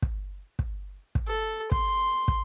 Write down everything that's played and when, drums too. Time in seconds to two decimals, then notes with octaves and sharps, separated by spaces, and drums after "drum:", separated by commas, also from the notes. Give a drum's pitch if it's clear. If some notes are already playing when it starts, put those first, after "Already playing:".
0.02 drum: kick
0.59 drum: kick
1.15 drum: kick
1.27 A4
1.71 C6, drum: kick
2.28 drum: kick